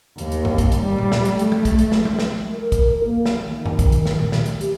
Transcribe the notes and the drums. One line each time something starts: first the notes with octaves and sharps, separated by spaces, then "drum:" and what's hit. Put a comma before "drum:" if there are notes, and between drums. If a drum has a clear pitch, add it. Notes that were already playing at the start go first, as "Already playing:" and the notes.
D#2, drum: hi-hat
drum: hi-hat
drum: tom G2
drum: kick, hi-hat
drum: hi-hat
G3
drum: tom A#2
drum: snare
drum: hi-hat
A3, drum: hi-hat
drum: tom F#3
drum: kick, hi-hat
drum: hi-hat
drum: snare
drum: tom F#3
drum: snare
A#4
drum: kick, hi-hat
A#4
A#3
drum: snare
D#3
drum: tom G2
drum: kick, hi-hat
drum: hi-hat
drum: snare
drum: tom A#2
drum: snare
drum: hi-hat
G4, drum: hi-hat